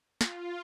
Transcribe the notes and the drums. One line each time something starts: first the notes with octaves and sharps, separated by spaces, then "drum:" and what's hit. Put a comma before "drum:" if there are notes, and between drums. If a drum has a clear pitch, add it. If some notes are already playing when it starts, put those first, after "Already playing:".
F4, drum: snare